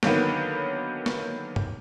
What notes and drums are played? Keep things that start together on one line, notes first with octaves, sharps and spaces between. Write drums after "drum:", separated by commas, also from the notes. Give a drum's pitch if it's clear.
D3 D#3 F#3 A#3 B3, drum: snare
drum: snare
drum: tom